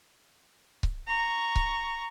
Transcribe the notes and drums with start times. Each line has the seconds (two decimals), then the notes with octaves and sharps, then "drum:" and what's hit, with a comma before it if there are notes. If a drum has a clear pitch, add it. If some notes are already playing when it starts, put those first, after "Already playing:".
0.83 drum: kick C#1
1.07 A#5 C#6
1.56 drum: kick C#1